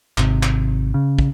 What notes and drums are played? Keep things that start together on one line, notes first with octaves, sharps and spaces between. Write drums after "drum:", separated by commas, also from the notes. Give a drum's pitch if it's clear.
G#1 C3, drum: clap
drum: clap
C#3
drum: kick